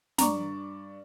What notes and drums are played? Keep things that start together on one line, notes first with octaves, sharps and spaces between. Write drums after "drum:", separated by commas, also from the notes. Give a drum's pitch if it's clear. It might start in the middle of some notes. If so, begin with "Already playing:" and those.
G2 D5 A#5 C#6, drum: snare